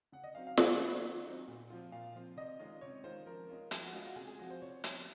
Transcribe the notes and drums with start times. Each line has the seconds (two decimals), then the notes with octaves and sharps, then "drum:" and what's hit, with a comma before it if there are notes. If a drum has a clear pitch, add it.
0.12 C#3 F#5
0.24 D#5
0.35 F#3 C4 D#4 F5
0.47 F5
0.57 D#3 F#5, drum: snare
0.80 F#3 C4 D#4
1.02 D#3
1.24 F#3 C4 D#4
1.48 A#2
1.70 F3 C4 F4
1.92 A#2 F5
2.15 F3 C4 F4
2.37 C3 D#5
2.59 D#3 G#3 C#4 F4
2.81 C3 C#5
3.04 D#3 G#3 C#4 F4 C5
3.26 F3 A#4
3.49 G#3 C#4 F4
3.71 F3 G#4, drum: hi-hat
3.83 F#4
3.94 G#3 C#4 F4
4.05 F#4
4.16 C3 G#4
4.28 G#4
4.39 F3 C4 F4 F#4
4.50 C5
4.62 C3 C#5
4.84 F3 C4 F4 C#5, drum: hi-hat